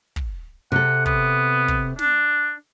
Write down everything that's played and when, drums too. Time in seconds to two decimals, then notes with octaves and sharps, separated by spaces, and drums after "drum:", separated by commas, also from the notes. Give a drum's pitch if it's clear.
0.16 drum: kick
0.72 C3 A4 F#5
1.06 B3, drum: kick
1.68 drum: kick
1.99 D4, drum: snare